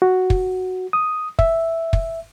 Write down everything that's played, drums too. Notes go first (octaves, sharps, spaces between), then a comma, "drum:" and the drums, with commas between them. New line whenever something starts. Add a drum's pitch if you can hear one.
F#4
drum: kick
D#6
E5, drum: kick
drum: kick